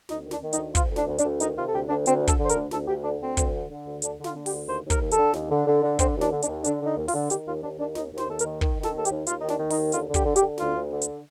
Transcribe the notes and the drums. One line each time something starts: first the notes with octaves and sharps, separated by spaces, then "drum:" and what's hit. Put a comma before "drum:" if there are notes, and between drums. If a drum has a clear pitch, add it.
D2 D#4, drum: snare
D#3
D4, drum: snare
D#3
D#4, drum: hi-hat
D2
D2 F4, drum: kick, hi-hat
D2
D4, drum: snare
D2
D4, drum: hi-hat
D2
D#3 D#4, drum: hi-hat
C3 F4
A4
D2 G4
D2 D4
D2 C4, drum: hi-hat
D3
A4, drum: kick, hi-hat
D3
C5
A#4, drum: hi-hat
D2
D2 A4, drum: snare
D2 G4
D3 D4
D2 C4
D2, drum: kick, hi-hat
D3
D3
D2
D3 D4, drum: hi-hat
D3
F4, drum: snare
D3
G4, drum: open hi-hat
D2
D#2 C5
D#2
A#4, drum: kick, hi-hat
D#2
A4, drum: hi-hat
D3
D#2, drum: snare
D3
D3
D3
D3 C4, drum: kick, hi-hat
D#2
D4, drum: snare
D3
D4, drum: hi-hat
D#2
D3 D4, drum: hi-hat
D3 D#4
D#2
F4, drum: open hi-hat
D3
D#3 G4, drum: hi-hat
D#2 F4
D#2 D4
D#2 D4
D#2 D#4, drum: snare
D#2
C5, drum: snare
D#2 A4
A#4, drum: hi-hat
D#3
D#3, drum: kick
D#3
A4, drum: snare
D#2 A4
G4, drum: hi-hat
D#2
D#2 F4, drum: hi-hat
D#3 D#4
D4, drum: snare
D#3
D#4, drum: open hi-hat
D#2
D3 F4, drum: hi-hat
D3
G4, drum: kick, hi-hat
D3
G4, drum: hi-hat
D3
D2 F4, drum: snare
D2
D3
drum: hi-hat